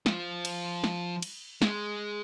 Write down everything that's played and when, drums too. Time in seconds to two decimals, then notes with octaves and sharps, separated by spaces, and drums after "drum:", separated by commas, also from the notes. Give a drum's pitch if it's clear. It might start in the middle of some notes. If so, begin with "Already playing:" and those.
0.06 F3, drum: snare
0.45 drum: cymbal
0.84 drum: snare
1.22 drum: cymbal
1.62 G#3, drum: snare